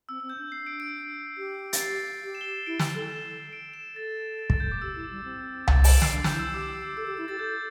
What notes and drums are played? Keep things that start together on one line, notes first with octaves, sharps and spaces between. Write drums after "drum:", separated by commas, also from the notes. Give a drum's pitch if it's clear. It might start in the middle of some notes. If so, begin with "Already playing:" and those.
C4 E6
C4 E6
G6
D4
C7
D7
D7
G4
A6, drum: hi-hat
C7
G4
E7
G7
E7
E7
E4 D7
drum: snare
A4 G7
E7
D7
E7
A4 A6
A6
A6, drum: kick
G6
D6
G4 E6
E4
G3
C4
A6, drum: tom C2
E7, drum: open hi-hat
D7
C7, drum: snare
D4 A6
G6, drum: snare
E4
E6
G4 D6
A4 E6
G4
E4
G4 A6
A4 G6